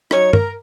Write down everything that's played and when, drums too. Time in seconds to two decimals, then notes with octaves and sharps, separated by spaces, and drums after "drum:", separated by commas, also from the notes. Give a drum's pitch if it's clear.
0.11 F#3 D#4 C#5, drum: rim click
0.33 A#4, drum: tom